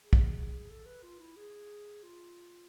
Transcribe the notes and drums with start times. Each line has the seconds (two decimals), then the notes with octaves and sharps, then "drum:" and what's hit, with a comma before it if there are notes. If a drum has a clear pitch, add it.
0.03 G#4
0.13 drum: kick
0.70 A4
0.86 B4
1.03 F4
1.20 E4
1.37 G#4
2.04 F4